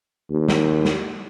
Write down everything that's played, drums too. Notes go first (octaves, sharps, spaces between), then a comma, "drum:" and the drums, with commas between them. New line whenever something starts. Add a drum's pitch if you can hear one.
D#2
drum: snare
drum: snare